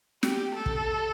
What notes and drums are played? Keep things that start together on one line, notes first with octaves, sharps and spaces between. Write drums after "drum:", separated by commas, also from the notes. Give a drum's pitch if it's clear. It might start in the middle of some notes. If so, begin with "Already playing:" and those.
G4, drum: snare
A4
drum: kick